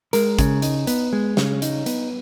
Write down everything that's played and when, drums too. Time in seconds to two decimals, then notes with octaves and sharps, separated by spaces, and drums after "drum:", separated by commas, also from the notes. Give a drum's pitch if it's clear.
0.13 G#3 A#4, drum: hi-hat
0.39 C#3, drum: kick, hi-hat
0.62 D#4, drum: hi-hat
0.87 B3, drum: hi-hat
1.13 G#3
1.37 C#3, drum: snare
1.62 D#4, drum: hi-hat
1.86 B3, drum: hi-hat